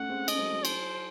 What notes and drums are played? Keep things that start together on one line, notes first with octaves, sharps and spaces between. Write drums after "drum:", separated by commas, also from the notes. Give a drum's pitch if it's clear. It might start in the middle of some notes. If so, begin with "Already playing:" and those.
Already playing: A3 C#4 F#5
G#3 C4
D#5, drum: cymbal
C4
F#3 A3
F#3
C5, drum: cymbal